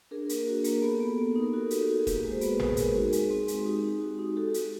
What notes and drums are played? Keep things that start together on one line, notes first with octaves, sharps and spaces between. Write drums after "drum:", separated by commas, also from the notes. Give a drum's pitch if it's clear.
D4 G#4 A#4
A#3, drum: hi-hat
F#4
A#3, drum: hi-hat
B3 G4 A4
B3
B3
D#4
A#4
F#4 G4 A4
D#4 G4, drum: hi-hat
F#4 A4
G#4
A#3 G4, drum: kick, hi-hat
F#4 G#4
G#3
C5
B3 B4, drum: hi-hat
G#3 G#4 A#4, drum: tom G#1
G#3 G#4 A#4, drum: hi-hat
D#4 F#4 G#4
G#3, drum: hi-hat
C4
G#3, drum: hi-hat
D#4 G4
D#4
F#4
D#4
F#4 G4 A4
F#4, drum: hi-hat